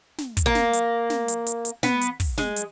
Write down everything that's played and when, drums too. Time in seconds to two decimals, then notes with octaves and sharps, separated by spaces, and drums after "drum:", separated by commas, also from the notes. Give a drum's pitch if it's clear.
0.18 drum: snare
0.37 drum: kick, hi-hat
0.46 A#3
0.55 drum: snare
0.73 drum: hi-hat
1.10 drum: snare
1.28 drum: hi-hat
1.46 drum: hi-hat
1.65 drum: hi-hat
1.83 B3, drum: snare
2.01 drum: hi-hat
2.20 drum: kick, open hi-hat
2.38 G#3, drum: snare
2.56 drum: hi-hat